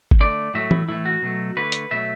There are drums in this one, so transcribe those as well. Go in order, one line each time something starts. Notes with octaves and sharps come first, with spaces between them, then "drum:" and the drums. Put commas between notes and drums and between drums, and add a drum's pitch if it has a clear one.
drum: kick G1
D3 A3 D5
A2 F#3 A3 E5
E4, drum: tom E3
A2 E3 A3 E4
F#4
B2 F#3 A3
D3 A3 B4
drum: hi-hat
B2 F#3 A3 E5